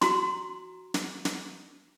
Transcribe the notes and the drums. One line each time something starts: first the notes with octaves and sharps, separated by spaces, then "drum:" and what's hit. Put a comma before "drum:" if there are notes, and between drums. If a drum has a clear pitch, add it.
F#4 A#5 C6, drum: snare
drum: snare
drum: snare